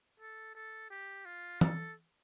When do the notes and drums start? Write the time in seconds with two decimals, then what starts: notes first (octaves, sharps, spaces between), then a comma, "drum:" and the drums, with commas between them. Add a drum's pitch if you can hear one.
0.20 A4
0.55 A4
0.90 G4
1.25 F4
1.61 A4, drum: tom